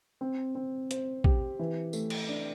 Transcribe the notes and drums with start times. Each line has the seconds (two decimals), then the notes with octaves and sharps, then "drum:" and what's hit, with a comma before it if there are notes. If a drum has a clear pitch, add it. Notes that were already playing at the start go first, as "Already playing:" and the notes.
0.21 C4
0.55 C4
0.91 C5, drum: hi-hat
1.24 G4, drum: kick
1.59 E3
1.93 A3, drum: tambourine
2.10 drum: cymbal
2.29 D4